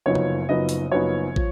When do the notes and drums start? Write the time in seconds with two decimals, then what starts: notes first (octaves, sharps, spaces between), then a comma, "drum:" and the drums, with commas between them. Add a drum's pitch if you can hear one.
0.06 F#1 F#2 F3 B3 D#4 C#5
0.15 drum: tom
0.48 F#1 F#2 F3 B3 D#4 D#5
0.69 drum: hi-hat
0.92 F#1 F#2 F3 B3 D#4 C#5
1.36 F3, drum: kick